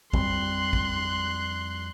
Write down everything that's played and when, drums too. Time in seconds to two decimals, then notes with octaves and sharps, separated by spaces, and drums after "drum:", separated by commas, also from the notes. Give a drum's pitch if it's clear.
0.14 F2 G3 C4 C6 F#6, drum: kick
0.73 drum: kick